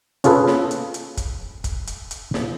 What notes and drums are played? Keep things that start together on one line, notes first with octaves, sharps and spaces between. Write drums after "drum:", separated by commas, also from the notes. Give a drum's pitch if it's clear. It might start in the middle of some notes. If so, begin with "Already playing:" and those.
C#4 F4 G#4 A4 B4, drum: hi-hat
drum: snare
drum: hi-hat
drum: hi-hat
drum: kick, hi-hat
drum: kick, hi-hat
drum: hi-hat
drum: hi-hat
drum: snare